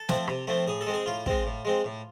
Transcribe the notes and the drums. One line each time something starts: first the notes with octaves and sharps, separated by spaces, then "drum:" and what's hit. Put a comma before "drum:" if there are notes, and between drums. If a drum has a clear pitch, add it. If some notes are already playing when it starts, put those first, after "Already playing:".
Already playing: A4
F3 A3 C4, drum: snare
C3, drum: rim click
F3 A3 C4
A2 G#4
A4
G#3 C4
G#4
A2 F4
G#3 C4, drum: kick
A2
G#3 C4
A2